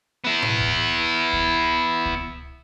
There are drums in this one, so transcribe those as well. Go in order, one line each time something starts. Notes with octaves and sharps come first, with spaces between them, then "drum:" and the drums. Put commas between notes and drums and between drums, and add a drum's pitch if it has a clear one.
B3 E4
drum: tom A2
drum: kick C#2
drum: kick C#2
drum: kick C#2